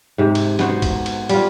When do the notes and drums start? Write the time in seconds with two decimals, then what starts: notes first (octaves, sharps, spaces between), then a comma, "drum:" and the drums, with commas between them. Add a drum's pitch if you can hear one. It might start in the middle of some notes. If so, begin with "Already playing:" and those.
0.18 G#2 C3
0.35 drum: cymbal
0.59 B3 F#4 C5, drum: snare
0.82 drum: kick, cymbal
1.06 drum: cymbal
1.29 G3 F4, drum: cymbal